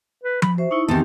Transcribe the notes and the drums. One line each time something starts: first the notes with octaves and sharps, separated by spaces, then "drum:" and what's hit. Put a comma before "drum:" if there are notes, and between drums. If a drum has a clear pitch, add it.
B4
B5, drum: tom F3
F#4 C5 E5
D#4 E4 C#6
E2 D#3 C4 G4 A5